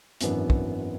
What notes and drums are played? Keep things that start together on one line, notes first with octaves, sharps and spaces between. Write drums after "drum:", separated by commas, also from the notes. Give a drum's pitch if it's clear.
G#1 F#2 E3 B3 D4, drum: hi-hat
drum: kick